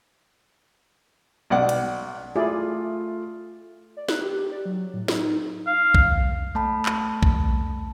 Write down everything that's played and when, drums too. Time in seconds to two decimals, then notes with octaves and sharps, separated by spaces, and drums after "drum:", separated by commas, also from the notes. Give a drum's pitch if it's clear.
1.50 B1 D5 F#5
1.69 drum: cymbal
2.36 A3 E4 F4 G#4 D5
3.97 D5
4.09 F#6, drum: snare
4.21 G4
4.52 D5
4.65 F#3
4.94 A2
5.08 D#4, drum: snare
5.67 F5
5.95 drum: kick B1
6.55 A3 A5 B5
6.86 drum: clap
7.23 drum: kick B1